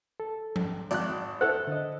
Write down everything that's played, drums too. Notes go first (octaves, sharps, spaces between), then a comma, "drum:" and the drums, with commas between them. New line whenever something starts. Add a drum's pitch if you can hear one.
A4
drum: tom F3
G#1 D5 F#6, drum: hi-hat
E4 A4 C5 F#5
D3 D#5